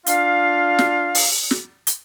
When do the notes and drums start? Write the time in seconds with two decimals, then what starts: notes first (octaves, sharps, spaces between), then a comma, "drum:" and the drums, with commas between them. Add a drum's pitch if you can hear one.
0.06 D4 F4 F5, drum: hi-hat
0.79 drum: snare
1.15 drum: open hi-hat
1.51 drum: snare
1.87 drum: hi-hat